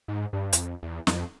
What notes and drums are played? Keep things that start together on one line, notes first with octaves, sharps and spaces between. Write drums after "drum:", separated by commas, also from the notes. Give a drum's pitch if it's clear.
G#2
G2
E2, drum: hi-hat
F2
E2
F2, drum: snare